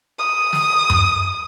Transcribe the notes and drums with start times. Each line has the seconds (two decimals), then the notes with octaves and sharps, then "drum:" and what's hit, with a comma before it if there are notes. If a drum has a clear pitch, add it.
0.19 D#6
0.53 drum: snare
0.90 drum: tom F#2